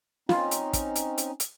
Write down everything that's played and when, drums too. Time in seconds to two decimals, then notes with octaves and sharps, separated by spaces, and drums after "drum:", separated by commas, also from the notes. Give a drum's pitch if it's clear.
0.29 C4 C#4 D#4 F4, drum: snare
0.51 drum: hi-hat
0.73 drum: kick, hi-hat
0.95 drum: hi-hat
1.18 drum: hi-hat
1.40 drum: hi-hat